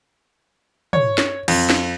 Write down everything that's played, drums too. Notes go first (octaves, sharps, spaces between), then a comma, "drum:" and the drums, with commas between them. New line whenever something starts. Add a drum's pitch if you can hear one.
C#5, drum: tom
drum: snare
F2, drum: cymbal
drum: snare